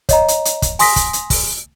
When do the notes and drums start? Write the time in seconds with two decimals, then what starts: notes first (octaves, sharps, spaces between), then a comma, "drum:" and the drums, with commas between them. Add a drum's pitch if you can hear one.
0.09 C#5 D#5 A#5, drum: kick, hi-hat
0.28 drum: hi-hat
0.45 drum: hi-hat
0.62 drum: kick, hi-hat
0.79 G#5 C6 D#6 A#6 B6, drum: open hi-hat
0.96 drum: kick, hi-hat
1.13 drum: hi-hat
1.30 drum: kick, open hi-hat